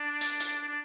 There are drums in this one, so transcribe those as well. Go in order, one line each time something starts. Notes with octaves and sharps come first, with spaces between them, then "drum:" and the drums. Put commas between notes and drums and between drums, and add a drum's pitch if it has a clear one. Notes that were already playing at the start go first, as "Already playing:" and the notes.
Already playing: D4
drum: hi-hat
drum: hi-hat
D4